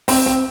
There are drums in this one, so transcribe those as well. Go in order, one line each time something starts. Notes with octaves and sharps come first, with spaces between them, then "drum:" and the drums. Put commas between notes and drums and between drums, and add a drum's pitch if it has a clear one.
C4, drum: open hi-hat
C4